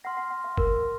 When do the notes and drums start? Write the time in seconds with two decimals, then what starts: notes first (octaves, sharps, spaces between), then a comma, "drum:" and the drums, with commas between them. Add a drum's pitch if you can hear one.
0.04 F#5 C6 F6 A#6
0.17 F#5
0.30 F#5
0.44 F5
0.57 A#4, drum: kick